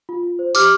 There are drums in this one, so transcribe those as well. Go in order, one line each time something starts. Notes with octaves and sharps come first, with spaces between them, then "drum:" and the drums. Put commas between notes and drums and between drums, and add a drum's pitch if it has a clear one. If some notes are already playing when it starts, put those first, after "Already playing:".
F4
F4
C5
G4 D6 F6, drum: tambourine